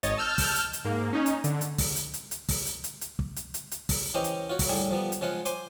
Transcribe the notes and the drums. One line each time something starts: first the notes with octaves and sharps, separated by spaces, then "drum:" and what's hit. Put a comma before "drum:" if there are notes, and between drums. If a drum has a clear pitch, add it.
G#1 C#5 D#5 A6, drum: hi-hat
A5 E6 F6 G6
drum: kick, open hi-hat
drum: hi-hat
drum: hi-hat
G#2 A#3
C#4 D#4
drum: hi-hat
D3, drum: hi-hat
drum: hi-hat
drum: kick, open hi-hat
drum: hi-hat
drum: hi-hat
drum: hi-hat
drum: kick, open hi-hat
drum: hi-hat
drum: hi-hat
drum: hi-hat
drum: kick
drum: hi-hat
drum: hi-hat
drum: hi-hat
drum: kick, open hi-hat
E3 C#4 G4 C5 D#5 A#5
drum: hi-hat
F4 F#4 C#5
drum: kick, open hi-hat
A2 D3 G3 G#4
F3 G3 B3
drum: hi-hat
C#3 F3 G#3 F4 F#5
C5 G#5 C6 D6, drum: hi-hat